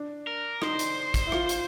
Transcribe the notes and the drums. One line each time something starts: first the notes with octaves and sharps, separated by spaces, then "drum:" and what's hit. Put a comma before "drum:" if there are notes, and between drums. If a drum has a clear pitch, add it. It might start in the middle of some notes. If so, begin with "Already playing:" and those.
Already playing: D4
A#4
D#4 C5, drum: rim click
drum: hi-hat
drum: kick, hi-hat
E4
F4, drum: rim click
drum: hi-hat